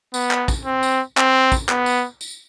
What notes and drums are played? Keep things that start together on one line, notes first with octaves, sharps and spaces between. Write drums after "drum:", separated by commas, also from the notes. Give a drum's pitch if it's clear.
B3, drum: tambourine
drum: clap
drum: kick, tambourine
C4
drum: tambourine
C4, drum: clap
drum: kick, tambourine
B3, drum: clap
drum: tambourine
drum: tambourine